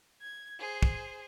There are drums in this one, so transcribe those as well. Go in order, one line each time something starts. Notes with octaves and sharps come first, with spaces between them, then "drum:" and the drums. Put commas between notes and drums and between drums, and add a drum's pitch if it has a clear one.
G#6
G#4 C5
drum: kick